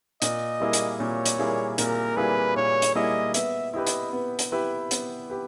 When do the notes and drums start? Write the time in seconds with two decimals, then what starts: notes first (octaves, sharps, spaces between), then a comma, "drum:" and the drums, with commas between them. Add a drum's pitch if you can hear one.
0.22 A#2 D#5, drum: hi-hat
0.60 G3 A#3 E4 G#4
0.73 drum: hi-hat
1.00 A#2 C#5
1.26 drum: hi-hat
1.38 G3 A#3 E4 G#4
1.78 A#2 A#4, drum: hi-hat
2.16 G3 A#3 E4 G#4 B4
2.56 A#2 C#5
2.82 drum: hi-hat
2.95 G3 A#3 E4 G#4 D#5
3.34 B3 E5, drum: hi-hat
3.74 E4 G4 B4 D#5
3.87 drum: hi-hat
4.13 B3
4.39 drum: hi-hat
4.52 E4 G4 B4
4.91 B3, drum: hi-hat
5.30 G4 B4